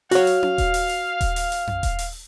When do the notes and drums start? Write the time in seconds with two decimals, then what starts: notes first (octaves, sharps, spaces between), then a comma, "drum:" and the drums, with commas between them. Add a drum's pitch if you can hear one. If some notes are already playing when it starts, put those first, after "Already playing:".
0.11 F#4 C#5 F5, drum: open hi-hat
0.27 drum: hi-hat
0.43 drum: tom C#4
0.58 drum: kick D#1, hi-hat
0.74 drum: open hi-hat
0.89 drum: hi-hat
1.21 drum: kick D#1, hi-hat
1.36 drum: open hi-hat
1.52 drum: hi-hat
1.67 drum: tom F2
1.83 drum: kick D#1, hi-hat
1.99 drum: open hi-hat